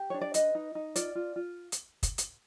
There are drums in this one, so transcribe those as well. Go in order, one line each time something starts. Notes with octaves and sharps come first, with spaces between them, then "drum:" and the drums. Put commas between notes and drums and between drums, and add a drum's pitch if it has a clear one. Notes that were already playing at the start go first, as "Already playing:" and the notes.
Already playing: G4
D4 C#5
D5
B4 D#5, drum: hi-hat
D#4
D#4
F4 D5, drum: hi-hat
F4
F4
drum: hi-hat
drum: kick, hi-hat
drum: hi-hat